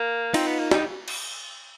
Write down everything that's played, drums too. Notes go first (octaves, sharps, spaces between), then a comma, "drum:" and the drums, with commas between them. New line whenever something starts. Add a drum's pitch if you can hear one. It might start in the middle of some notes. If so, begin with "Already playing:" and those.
Already playing: A#3
C4 D#4 F4, drum: cymbal
B3
A#3
G3 D#4, drum: snare
drum: cymbal